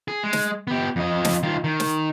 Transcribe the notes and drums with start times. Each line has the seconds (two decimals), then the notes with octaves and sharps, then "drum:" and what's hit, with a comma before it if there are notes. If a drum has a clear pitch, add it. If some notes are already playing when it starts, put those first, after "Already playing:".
0.08 G#4
0.24 G#3
0.33 drum: snare
0.67 B3 G4
0.96 F2 D#5
1.25 drum: snare
1.43 D#3 F4
1.64 D#3
1.80 drum: snare